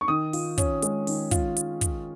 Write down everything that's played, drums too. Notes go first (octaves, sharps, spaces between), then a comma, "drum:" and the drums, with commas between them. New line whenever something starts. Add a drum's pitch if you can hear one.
C#6
D#3 D#6
F4, drum: open hi-hat
C#4, drum: kick, hi-hat
G#3, drum: hi-hat
D#3, drum: open hi-hat
F4, drum: kick, hi-hat
drum: hi-hat
drum: kick, hi-hat